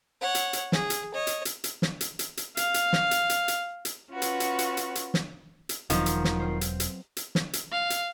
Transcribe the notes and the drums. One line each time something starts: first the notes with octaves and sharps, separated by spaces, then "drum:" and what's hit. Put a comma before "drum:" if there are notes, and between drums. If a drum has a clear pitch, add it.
C#5 F#5
drum: hi-hat
drum: hi-hat
G#4, drum: snare
drum: hi-hat
C#5 D#5
drum: hi-hat
drum: hi-hat
drum: hi-hat
drum: snare
drum: hi-hat
drum: hi-hat
drum: hi-hat
F5, drum: hi-hat
drum: hi-hat
drum: snare
drum: hi-hat
drum: hi-hat
drum: hi-hat
drum: hi-hat
C#4 F4 F#4 B4
drum: hi-hat
drum: hi-hat
drum: hi-hat
drum: hi-hat
drum: hi-hat
drum: snare
drum: hi-hat
E1 D#3 F3 F#3 B3 C4, drum: hi-hat
drum: hi-hat
drum: snare
C4 F4 C5
drum: hi-hat
drum: hi-hat
drum: hi-hat
drum: snare
drum: hi-hat
F5
drum: hi-hat